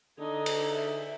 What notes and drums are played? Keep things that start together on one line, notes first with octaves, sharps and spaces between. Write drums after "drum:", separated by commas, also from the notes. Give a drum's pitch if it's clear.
D3 D#4 G#4
drum: cymbal
E5